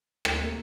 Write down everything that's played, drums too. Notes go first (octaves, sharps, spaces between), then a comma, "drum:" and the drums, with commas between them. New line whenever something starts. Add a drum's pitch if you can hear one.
A3, drum: rim click
A#3
A3